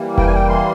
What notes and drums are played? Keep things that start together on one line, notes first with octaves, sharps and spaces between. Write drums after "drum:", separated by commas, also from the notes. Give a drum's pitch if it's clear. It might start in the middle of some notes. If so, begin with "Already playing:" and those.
Already playing: E3 G3 A#3
G5, drum: kick F1
G#5
G5
C6